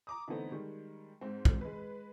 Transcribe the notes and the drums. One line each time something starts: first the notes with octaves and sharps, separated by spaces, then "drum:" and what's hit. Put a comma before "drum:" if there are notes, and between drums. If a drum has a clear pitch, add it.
A#5 D6 D#6
D3 E3 A3 B3 C4 D#4
D#3 G3 G#3
G#2 C4
drum: kick
G#3 B4